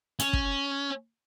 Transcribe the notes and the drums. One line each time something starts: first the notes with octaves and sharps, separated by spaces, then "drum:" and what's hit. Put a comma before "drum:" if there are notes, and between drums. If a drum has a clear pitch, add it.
C#4, drum: hi-hat
drum: kick